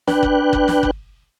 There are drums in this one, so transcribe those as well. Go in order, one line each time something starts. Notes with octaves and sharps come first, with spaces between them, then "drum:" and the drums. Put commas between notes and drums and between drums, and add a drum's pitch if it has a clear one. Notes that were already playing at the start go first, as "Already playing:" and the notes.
D4 B4 G5 F#6, drum: snare
drum: kick G1
drum: kick G1
drum: snare
drum: kick G1